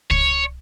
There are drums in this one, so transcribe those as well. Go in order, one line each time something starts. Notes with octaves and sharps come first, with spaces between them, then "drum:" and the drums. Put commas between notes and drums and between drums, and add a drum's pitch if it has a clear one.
C#5, drum: kick